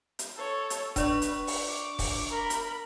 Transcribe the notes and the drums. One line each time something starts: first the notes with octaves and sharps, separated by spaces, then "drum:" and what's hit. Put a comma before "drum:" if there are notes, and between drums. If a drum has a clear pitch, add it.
drum: hi-hat
A4 C#5
drum: hi-hat
D4 B4 D5 C#6, drum: kick E1, hi-hat
drum: hi-hat
drum: open hi-hat
D6
drum: kick E1, open hi-hat
A#4 B5
drum: hi-hat